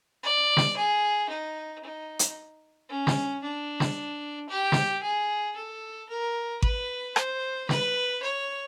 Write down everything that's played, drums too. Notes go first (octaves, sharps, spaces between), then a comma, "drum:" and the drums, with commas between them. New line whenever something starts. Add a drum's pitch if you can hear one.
D5
drum: snare
G#4
D#4
D#4
drum: hi-hat
C#4
drum: snare
D4
drum: snare
G4
drum: snare
G#4
A4
A#4
B4, drum: kick G#1
C5, drum: rim click
B4, drum: snare
C#5